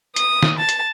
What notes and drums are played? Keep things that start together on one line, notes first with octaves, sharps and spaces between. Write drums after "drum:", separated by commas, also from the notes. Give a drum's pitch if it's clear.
D#6, drum: hi-hat
drum: snare
A5
drum: hi-hat